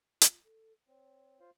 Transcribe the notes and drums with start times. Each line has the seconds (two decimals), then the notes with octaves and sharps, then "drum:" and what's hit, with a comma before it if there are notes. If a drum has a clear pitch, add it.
0.21 F4, drum: hi-hat
0.44 A4
0.88 C4 C#5
1.40 F4 C5 F5